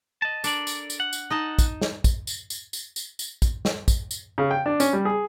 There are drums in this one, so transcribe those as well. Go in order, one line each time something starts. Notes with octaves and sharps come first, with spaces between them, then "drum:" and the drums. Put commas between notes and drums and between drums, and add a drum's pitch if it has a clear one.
D#5 A5
D4 A4 A#4 D5, drum: tambourine
drum: tambourine
drum: tambourine
F#5
drum: tambourine
D#4 D#5 A5
drum: kick, tambourine
drum: snare
drum: kick, tambourine
drum: tambourine
drum: tambourine
drum: tambourine
drum: tambourine
drum: tambourine
drum: kick, tambourine
drum: snare
drum: kick, tambourine
drum: tambourine
C#3
G5
D4
C#4, drum: tambourine
G3
G#4